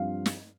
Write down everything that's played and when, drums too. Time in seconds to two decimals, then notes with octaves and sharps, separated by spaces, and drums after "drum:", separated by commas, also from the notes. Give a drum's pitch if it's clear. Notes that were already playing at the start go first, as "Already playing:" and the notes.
Already playing: G2 F3 C4 F5
0.26 drum: snare